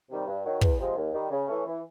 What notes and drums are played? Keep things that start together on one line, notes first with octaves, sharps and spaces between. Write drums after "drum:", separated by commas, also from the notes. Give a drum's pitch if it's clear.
C3 D#3 G3
G2
D#3 F#3
E2, drum: kick
C3 F3 G#3
D#2
D#3 G3
C#3
E3 A3 C#4
E3